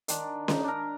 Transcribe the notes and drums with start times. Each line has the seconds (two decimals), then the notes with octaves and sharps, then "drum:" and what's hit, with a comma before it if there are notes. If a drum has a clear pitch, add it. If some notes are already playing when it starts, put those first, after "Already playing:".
0.08 D#3 D4, drum: hi-hat
0.48 D#4, drum: snare C#4
0.64 D4 A#4